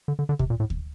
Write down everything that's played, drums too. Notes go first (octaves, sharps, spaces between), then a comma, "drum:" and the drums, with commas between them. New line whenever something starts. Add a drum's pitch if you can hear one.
D3
D3
D3
C3, drum: kick D2
A#2
A2
drum: kick D2